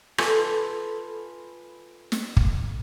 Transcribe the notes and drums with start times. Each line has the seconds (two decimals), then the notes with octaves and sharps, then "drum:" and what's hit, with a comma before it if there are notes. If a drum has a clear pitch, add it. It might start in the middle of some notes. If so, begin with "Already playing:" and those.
0.18 F4 A4 B4 G#5 B5 C6, drum: rim click
2.12 drum: snare
2.37 drum: kick